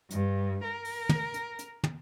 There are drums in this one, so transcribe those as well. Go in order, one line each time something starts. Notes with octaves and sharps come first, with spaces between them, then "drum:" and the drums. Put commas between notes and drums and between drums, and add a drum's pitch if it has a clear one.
G2, drum: hi-hat
A#4
drum: open hi-hat
drum: tom
drum: hi-hat
drum: hi-hat
drum: tom